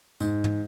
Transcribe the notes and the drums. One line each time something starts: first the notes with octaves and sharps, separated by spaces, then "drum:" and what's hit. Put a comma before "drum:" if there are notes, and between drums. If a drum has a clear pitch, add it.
G#2, drum: tambourine
drum: tom